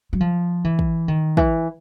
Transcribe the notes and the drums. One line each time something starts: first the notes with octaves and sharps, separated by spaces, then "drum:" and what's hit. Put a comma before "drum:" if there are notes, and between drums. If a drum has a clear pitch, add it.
F#3
F3
E3
drum: kick
D#3
E3, drum: kick